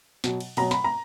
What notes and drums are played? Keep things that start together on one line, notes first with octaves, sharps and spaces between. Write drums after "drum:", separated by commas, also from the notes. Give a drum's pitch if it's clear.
B2 F#3, drum: snare
drum: cymbal
B2 F#3 A#5, drum: cymbal
B5, drum: snare
A#5